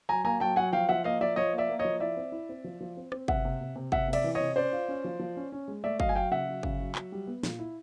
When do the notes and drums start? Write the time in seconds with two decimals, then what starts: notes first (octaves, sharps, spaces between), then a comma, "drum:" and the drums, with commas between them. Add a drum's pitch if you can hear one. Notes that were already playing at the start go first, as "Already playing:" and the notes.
0.09 F#3 G#5 A#5
0.25 A#3 G#5 A#5
0.40 F#3 G5 A5
0.56 F#3 F#5 G#5
0.73 F3 F5 G5
0.89 F3 E5 F#5
1.04 A#3 D#5 F5
1.21 F3 D5 E5
1.36 F3 C#5 D#5
1.53 A#3
1.58 D5 E5
1.69 A#3
1.79 C#5 D#5
1.85 F3
2.00 E4 D5 E5
2.17 C4
2.32 E4
2.49 C4
2.64 F3
2.81 F3
2.97 C4
3.12 C4, drum: rim click
3.28 C3 E5 F#5, drum: kick
3.45 C3
3.61 C3
3.76 C3
3.92 C3 E5 F#5, drum: kick
4.08 C3
4.13 D5 E5, drum: cymbal
4.24 E3
4.35 C3 C#5 D#5
4.56 C#4 C5 D5
4.72 F4
4.88 C#4
5.04 F3
5.19 F3
5.37 C#4
5.52 C#4
5.68 G#3
5.84 A3 D5 E5
6.00 F#3 D#5 F5, drum: kick
6.09 G#5
6.15 F#3 F5 G5
6.31 C#3 E5 F#5
6.48 F#3
6.63 C#3, drum: kick
6.79 F#3
6.95 F#3, drum: clap
7.12 G3
7.27 B3
7.43 A#2, drum: snare
7.59 E4